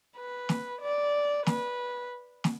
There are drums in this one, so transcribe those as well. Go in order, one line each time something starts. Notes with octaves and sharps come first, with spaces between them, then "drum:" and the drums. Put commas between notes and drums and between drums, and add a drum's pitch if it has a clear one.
B4
drum: snare
D5
B4, drum: snare
drum: snare